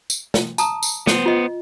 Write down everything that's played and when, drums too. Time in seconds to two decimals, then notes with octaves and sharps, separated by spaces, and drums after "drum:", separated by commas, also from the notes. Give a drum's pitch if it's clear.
0.10 drum: tambourine
0.34 drum: snare
0.58 A5 A#5 D#6, drum: tambourine
0.83 drum: tambourine
1.07 B3 C5, drum: snare
1.26 F4 D#5